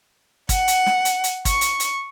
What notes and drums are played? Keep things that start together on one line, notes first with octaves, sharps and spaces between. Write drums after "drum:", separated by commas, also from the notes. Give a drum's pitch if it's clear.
F#5, drum: kick, hi-hat
drum: hi-hat
drum: snare
drum: hi-hat
drum: hi-hat
C#6, drum: kick, hi-hat
drum: hi-hat
drum: hi-hat